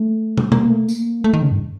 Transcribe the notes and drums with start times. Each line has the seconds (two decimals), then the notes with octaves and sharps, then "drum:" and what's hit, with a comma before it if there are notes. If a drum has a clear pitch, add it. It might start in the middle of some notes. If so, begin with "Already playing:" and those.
Already playing: A3
0.38 drum: tom
0.52 A#3, drum: tom
0.69 A3
0.88 A#3, drum: tambourine
1.24 A3
1.33 D#3
1.42 C#3
1.52 G2